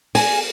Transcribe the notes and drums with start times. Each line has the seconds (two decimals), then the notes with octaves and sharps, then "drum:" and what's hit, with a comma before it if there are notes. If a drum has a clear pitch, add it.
0.15 G#5, drum: open hi-hat